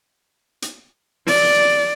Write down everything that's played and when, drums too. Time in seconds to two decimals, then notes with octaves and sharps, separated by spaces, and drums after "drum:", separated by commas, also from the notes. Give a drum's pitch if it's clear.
0.62 drum: hi-hat
1.27 D5, drum: open hi-hat